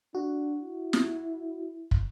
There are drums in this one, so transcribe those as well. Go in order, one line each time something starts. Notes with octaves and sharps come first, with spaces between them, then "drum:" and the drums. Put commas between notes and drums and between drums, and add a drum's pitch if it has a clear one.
D4 F#4
E4
drum: snare
drum: kick